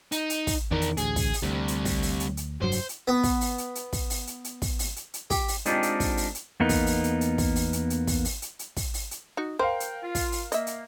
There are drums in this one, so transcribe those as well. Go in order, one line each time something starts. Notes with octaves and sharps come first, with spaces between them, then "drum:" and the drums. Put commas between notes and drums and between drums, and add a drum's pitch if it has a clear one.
D#4, drum: hi-hat
drum: hi-hat
drum: kick, open hi-hat
E2 D#3 D4 A#4
drum: hi-hat
A1 D2 G#4, drum: hi-hat
drum: kick, open hi-hat
drum: open hi-hat
D2 C3 G3
drum: hi-hat
drum: kick, open hi-hat
drum: open hi-hat
drum: hi-hat
drum: hi-hat
F1 G2 F#3 C5
drum: open hi-hat
drum: hi-hat
B3
drum: kick, open hi-hat
drum: open hi-hat
drum: hi-hat
drum: hi-hat
drum: kick, open hi-hat
drum: open hi-hat
drum: hi-hat
drum: hi-hat
drum: kick, open hi-hat
drum: open hi-hat
drum: hi-hat
drum: hi-hat
G4, drum: kick, open hi-hat
drum: open hi-hat
G#3 C4 D4 D#4 F4 G4, drum: hi-hat
drum: hi-hat
drum: kick, open hi-hat
drum: open hi-hat
drum: hi-hat
E2 A#3 B3 D#4
drum: kick, open hi-hat
drum: open hi-hat
drum: hi-hat
drum: hi-hat
drum: kick, open hi-hat
drum: open hi-hat
drum: hi-hat
drum: hi-hat
drum: kick, open hi-hat
drum: open hi-hat
drum: hi-hat
drum: hi-hat
drum: kick, open hi-hat
drum: open hi-hat
drum: hi-hat
D#4 F#4
A#4 C5 F5 G5
drum: hi-hat
F4
drum: kick, open hi-hat
drum: open hi-hat
A#3 D#5 E5, drum: hi-hat
drum: hi-hat